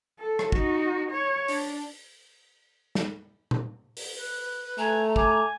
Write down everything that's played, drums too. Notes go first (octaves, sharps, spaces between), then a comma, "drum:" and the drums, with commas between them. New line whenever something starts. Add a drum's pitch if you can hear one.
A4
drum: rim click
D#4 F#4, drum: kick
C#5
D4, drum: open hi-hat
drum: snare
drum: tom A#2
drum: open hi-hat
B4
A3 G#5 A#5
G#5 D6, drum: kick